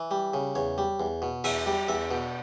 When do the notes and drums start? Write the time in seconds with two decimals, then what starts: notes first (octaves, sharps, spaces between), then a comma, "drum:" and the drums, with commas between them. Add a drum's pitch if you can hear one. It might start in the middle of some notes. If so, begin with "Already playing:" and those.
Already playing: E3
0.11 G3
0.34 C#3
0.55 E2 C#5
0.78 G3
1.00 E2
1.22 B2
1.44 E2 E5, drum: cymbal
1.66 G3
1.88 E2 E5
2.11 B2